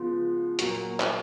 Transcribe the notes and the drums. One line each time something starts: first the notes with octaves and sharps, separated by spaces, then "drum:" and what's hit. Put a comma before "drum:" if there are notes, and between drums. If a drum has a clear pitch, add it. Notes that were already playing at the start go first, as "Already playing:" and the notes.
Already playing: C#3 F3 G#3 B3 F4
A#2 F#3 A#3 F#4, drum: hi-hat
drum: clap